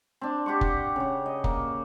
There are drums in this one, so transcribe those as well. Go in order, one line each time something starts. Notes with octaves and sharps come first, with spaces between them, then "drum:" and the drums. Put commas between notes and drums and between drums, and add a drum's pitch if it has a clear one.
C4 D4
G4 F#5 C6 C#6
drum: kick F1
C#3 C#5
D#5
A#3, drum: kick F1